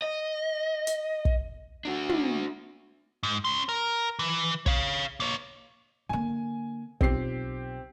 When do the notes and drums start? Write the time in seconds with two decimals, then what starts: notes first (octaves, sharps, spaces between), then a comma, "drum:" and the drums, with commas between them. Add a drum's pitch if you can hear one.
0.02 D#5
0.87 drum: hi-hat
1.25 drum: kick
1.85 D4 F#4
2.09 drum: tom
3.23 G#2
3.45 C#4 C6
3.69 A#4
4.19 E3
4.66 C#5 F5, drum: kick
5.20 A#3 C#5
6.09 D3 A#3 G#5
7.01 B1 C4 F4 G4 C7, drum: kick